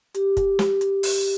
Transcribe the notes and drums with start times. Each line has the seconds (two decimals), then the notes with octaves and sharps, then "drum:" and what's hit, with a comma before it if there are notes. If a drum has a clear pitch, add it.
0.15 G4, drum: hi-hat
0.37 drum: kick, hi-hat
0.59 drum: snare
0.81 drum: hi-hat
1.03 drum: open hi-hat